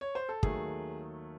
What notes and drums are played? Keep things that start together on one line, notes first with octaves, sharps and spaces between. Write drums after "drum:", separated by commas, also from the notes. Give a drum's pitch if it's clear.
C#5
C5
A4
D#2 D#3 F#3 A3 G#4, drum: kick